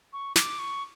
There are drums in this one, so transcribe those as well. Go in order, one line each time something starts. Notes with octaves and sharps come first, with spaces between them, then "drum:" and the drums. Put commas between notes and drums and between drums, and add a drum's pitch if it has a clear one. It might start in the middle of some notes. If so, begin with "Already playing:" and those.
C#6
D6, drum: snare
C#6